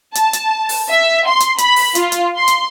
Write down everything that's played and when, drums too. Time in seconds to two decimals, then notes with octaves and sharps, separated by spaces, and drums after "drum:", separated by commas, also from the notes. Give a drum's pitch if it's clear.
0.15 A5, drum: hi-hat
0.33 drum: hi-hat
0.69 drum: open hi-hat
0.89 E5
1.27 C6
1.40 drum: hi-hat
1.58 B5, drum: hi-hat
1.76 drum: open hi-hat
1.95 F4, drum: hi-hat
2.12 drum: hi-hat
2.37 C6
2.48 drum: hi-hat